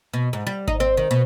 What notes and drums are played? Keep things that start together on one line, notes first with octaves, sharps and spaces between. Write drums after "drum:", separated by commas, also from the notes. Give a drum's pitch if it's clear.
B2
G#2
G3
D#4, drum: kick G#1
C4
D#3
B2